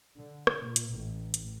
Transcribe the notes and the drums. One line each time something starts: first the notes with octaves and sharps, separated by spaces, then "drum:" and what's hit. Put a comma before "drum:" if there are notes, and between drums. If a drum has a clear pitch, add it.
D3
drum: rim click
A#2
drum: hi-hat
A1
drum: hi-hat